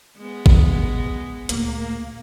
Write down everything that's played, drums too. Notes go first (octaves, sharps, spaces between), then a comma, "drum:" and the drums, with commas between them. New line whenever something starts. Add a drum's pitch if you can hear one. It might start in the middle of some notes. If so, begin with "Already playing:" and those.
G#3 B3
drum: kick G#1
D2 A#2 A#3, drum: hi-hat